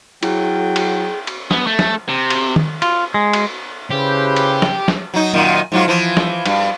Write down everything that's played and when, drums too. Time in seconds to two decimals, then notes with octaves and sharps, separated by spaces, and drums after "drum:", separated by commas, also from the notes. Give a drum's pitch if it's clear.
0.23 F#3 E4 G#4 G5, drum: cymbal
0.76 drum: cymbal
1.27 drum: cymbal
1.51 B3, drum: snare
1.67 A3
1.79 drum: snare
2.09 C3
2.30 drum: cymbal
2.56 drum: tom
2.82 F4, drum: cymbal
3.14 G#3
3.33 drum: cymbal
3.91 C#3 E4 G4 B4 C5
4.36 drum: cymbal
4.62 drum: snare
4.88 drum: snare
5.14 F#3 D#4
5.33 F#2 A#2 D#3
5.72 G#2 F#3 F4
5.88 E3 F3
6.17 drum: snare
6.46 G2, drum: cymbal